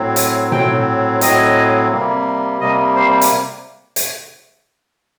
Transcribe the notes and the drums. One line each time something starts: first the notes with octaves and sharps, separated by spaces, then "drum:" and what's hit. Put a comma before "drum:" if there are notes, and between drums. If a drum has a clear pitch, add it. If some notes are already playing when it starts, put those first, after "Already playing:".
Already playing: A2 F#3 C4
drum: hi-hat
A2 F#3 C4 G5, drum: tom B2
A2 F#3 C4 D#5, drum: hi-hat
C3 G3 A#3
C3 G3 A#3 D#5
C5
drum: hi-hat
drum: hi-hat